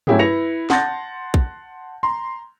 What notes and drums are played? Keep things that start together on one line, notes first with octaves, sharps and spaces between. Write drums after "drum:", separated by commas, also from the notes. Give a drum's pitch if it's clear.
F#3 A3 C#4 E4 G4 G#4, drum: tom G2
E4 B4 A#6 C#7 F7
F#5 A5 C6 G6 A6 A#6, drum: snare
drum: kick
A#5 C6